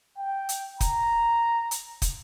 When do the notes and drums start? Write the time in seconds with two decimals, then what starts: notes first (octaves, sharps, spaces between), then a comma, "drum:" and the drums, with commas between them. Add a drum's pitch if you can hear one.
0.18 G5
0.49 drum: hi-hat
0.80 A#5, drum: kick, hi-hat
1.71 drum: hi-hat
2.02 drum: kick, hi-hat